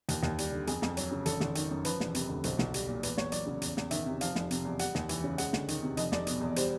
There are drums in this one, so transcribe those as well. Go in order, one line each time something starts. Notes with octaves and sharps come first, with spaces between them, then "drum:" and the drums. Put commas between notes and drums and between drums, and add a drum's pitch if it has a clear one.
D#2, drum: hi-hat
D#2, drum: snare
G3, drum: hi-hat
D3
F2 G#4, drum: hi-hat
F2, drum: snare
F#3, drum: hi-hat
C#3
G#1 A4, drum: hi-hat
G#1, drum: snare
D#3, drum: hi-hat
F#2
F3 B4, drum: hi-hat
E1, drum: snare
C3, drum: hi-hat
D2
B1 C5, drum: hi-hat
B1, drum: snare
G3, drum: hi-hat
A#2
E2 B4, drum: hi-hat
E2 C#5, drum: snare
F#3 D5, drum: hi-hat
C#3
E2, drum: hi-hat
E2, drum: snare
D#3 E5, drum: hi-hat
C3
F3 F5, drum: hi-hat
F1, drum: snare
C3, drum: hi-hat
E2
G3 F#5, drum: hi-hat
D#2, drum: snare
E3, drum: hi-hat
C#3
G#3 F#5, drum: hi-hat
D2, drum: snare
D#3, drum: hi-hat
C3
F1 D#5, drum: hi-hat
F1 D5, drum: snare
B2, drum: hi-hat
E2
G3 C5, drum: hi-hat